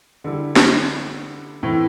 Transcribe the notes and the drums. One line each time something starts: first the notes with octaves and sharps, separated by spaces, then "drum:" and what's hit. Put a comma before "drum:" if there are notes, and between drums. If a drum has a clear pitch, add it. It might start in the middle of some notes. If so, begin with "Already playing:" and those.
D3 G3 E4
drum: snare
A2 E3 A3 C4 E4